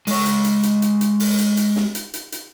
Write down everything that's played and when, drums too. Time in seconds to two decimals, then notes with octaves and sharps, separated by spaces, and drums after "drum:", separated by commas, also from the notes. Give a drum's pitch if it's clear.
0.07 G#3 C#5, drum: open hi-hat
0.26 drum: hi-hat
0.45 drum: hi-hat
0.63 drum: hi-hat
0.82 drum: hi-hat
1.01 drum: hi-hat
1.20 drum: open hi-hat
1.38 drum: hi-hat
1.57 drum: hi-hat
1.76 drum: snare
1.95 drum: hi-hat
2.14 drum: hi-hat
2.32 drum: hi-hat